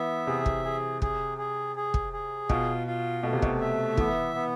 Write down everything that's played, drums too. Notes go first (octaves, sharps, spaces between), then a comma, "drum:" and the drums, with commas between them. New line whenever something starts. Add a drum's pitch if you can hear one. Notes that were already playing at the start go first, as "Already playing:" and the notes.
Already playing: E3 B3 E5
C3 G#4
drum: kick
G#4
G#4, drum: kick
G#4
G#4
drum: kick
G#4
B2 F4, drum: kick
F4
B2 A3
C3
B2, drum: kick
E5
E3 B3, drum: kick
B3